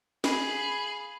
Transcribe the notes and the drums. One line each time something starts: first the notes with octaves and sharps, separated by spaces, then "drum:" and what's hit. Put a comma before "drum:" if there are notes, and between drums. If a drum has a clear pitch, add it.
G#4 F5 B5, drum: snare